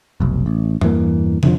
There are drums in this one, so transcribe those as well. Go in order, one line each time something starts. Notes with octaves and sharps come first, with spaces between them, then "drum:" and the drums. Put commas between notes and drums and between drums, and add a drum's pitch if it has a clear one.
F1 B1
A1
E2 G2 E3 A#3, drum: tom E3
F2 D3 F3, drum: tom